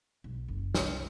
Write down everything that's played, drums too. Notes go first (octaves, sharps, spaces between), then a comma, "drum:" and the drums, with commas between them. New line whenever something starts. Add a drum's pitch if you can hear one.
B1
F#1
C2, drum: snare